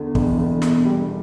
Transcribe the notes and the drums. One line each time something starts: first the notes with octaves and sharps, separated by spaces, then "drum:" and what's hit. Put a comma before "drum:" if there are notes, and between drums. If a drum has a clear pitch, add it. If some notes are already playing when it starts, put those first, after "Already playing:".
Already playing: E2 D3
E1, drum: kick
E1
E2, drum: snare
G3